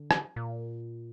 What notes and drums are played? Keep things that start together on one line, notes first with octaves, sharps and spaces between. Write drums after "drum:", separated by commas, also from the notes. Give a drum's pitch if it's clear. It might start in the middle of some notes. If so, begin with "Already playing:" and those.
Already playing: D3
drum: rim click
A#2